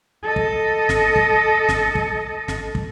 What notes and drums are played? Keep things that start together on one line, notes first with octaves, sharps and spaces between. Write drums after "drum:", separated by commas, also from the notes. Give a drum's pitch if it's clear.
A4 D#5
drum: kick
drum: snare
drum: kick
drum: snare
drum: kick
drum: snare
drum: kick